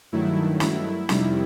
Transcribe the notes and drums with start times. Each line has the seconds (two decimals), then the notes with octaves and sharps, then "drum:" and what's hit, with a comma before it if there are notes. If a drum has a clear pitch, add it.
0.12 G2 D#3 F#3 A3 E4
0.60 E4, drum: snare
1.09 F2 C3 D#3 G3, drum: snare